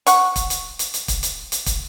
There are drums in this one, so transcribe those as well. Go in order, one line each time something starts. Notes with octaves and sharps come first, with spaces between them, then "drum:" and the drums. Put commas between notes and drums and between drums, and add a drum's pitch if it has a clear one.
F#5 C#6, drum: hi-hat
drum: kick, hi-hat
drum: hi-hat
drum: hi-hat
drum: hi-hat
drum: kick, hi-hat
drum: hi-hat
drum: hi-hat
drum: kick, hi-hat